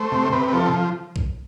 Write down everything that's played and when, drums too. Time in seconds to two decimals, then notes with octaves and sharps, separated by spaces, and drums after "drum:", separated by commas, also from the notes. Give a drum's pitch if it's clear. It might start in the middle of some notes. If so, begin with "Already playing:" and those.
Already playing: A3 C5
0.12 C3
0.32 C3 B4
0.48 B4
0.53 F3 A4
1.16 drum: kick A#1